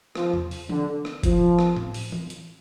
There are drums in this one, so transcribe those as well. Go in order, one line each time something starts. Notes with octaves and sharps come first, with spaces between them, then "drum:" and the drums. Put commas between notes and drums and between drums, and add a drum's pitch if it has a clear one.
F3, drum: rim click
drum: tom E2
drum: open hi-hat
D3, drum: tom E3
drum: rim click
F3, drum: kick F#1, hi-hat
drum: rim click
drum: tom A2
drum: open hi-hat
drum: tom E3
drum: hi-hat